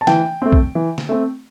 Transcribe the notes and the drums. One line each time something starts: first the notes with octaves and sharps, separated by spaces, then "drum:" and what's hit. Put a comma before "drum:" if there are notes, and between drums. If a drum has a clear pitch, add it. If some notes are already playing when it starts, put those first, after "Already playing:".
A5
E3 G5, drum: snare
A3 C4
drum: kick
E3
drum: snare
A3 C4